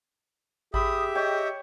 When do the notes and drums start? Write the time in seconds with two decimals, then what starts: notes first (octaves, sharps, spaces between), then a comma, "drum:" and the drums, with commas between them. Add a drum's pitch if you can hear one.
0.74 G4 G#4 E5 B5 D#6, drum: kick G#1
1.15 C#5 D#5 G5